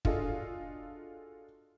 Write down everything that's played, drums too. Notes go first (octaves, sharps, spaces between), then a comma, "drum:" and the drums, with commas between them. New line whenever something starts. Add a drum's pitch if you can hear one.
D4 F4 F#4 G#4 A4 D#5, drum: kick